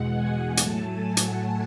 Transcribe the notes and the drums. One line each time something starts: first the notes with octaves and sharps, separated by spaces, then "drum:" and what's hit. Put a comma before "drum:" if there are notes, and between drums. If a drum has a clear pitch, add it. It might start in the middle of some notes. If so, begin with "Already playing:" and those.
Already playing: E2 B2 G#3 F#5
G#5
A2 F#3 A3 A5, drum: hi-hat
G#5
F#5, drum: hi-hat